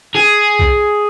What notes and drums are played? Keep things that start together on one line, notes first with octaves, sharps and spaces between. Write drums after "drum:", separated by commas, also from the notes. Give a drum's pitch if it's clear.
G#4
drum: kick B1